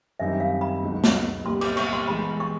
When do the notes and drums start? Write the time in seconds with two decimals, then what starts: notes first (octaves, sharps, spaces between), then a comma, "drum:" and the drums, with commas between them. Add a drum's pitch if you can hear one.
0.20 F#2 D#3 G3 C4 D#4 E5
0.40 F5
0.61 B5
0.82 C#2 B2 F#3 B3 D#4
1.04 drum: snare
1.45 C2 A#2 G3 B3 C6
1.61 D6, drum: cymbal
1.77 C#6, drum: cymbal
1.93 C6
2.08 E3 G#3 B3 B5
2.40 C#6